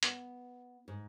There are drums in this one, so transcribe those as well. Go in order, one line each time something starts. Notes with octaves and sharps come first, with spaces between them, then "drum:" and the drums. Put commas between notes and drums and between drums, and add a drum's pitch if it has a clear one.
B3, drum: hi-hat
G#2